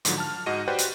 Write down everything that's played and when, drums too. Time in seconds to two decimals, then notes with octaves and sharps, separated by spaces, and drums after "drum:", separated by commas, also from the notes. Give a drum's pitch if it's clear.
0.05 G#2 D3 F3 F#3, drum: hi-hat
0.18 A5 F6
0.46 G#2 F#4 D#5 D#7
0.68 F#4 G4 B4 C5 D5 G5
0.79 drum: hi-hat